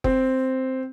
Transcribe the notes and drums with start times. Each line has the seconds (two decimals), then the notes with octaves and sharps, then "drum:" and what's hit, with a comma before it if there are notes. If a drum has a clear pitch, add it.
0.04 C4, drum: kick F#1